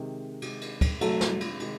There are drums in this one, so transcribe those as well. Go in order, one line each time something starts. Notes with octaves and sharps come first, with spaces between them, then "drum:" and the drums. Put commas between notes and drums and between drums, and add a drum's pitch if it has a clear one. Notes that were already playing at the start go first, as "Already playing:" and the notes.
Already playing: C3 D#3 G#3
C3 D#3 G#3, drum: cymbal
drum: cymbal
drum: kick, cymbal
C3 D#3 F#3 G#3 A3, drum: cymbal
drum: snare
drum: cymbal
C3 D#3 G#3, drum: cymbal